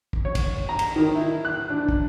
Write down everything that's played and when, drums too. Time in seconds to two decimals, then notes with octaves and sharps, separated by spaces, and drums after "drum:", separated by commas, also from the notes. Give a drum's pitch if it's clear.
0.13 drum: kick
0.25 C#5
0.35 drum: kick, cymbal
0.69 A#5
0.79 drum: cymbal
0.96 D#3
1.15 E4
1.45 F#6
1.70 D4
1.89 drum: kick